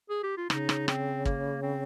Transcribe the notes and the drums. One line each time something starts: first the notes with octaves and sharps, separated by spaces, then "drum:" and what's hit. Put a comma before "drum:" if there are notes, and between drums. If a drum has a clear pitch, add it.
G#4
G4
F4
C#3 D#4, drum: rim click
drum: rim click
C4, drum: rim click
A#3, drum: kick
C4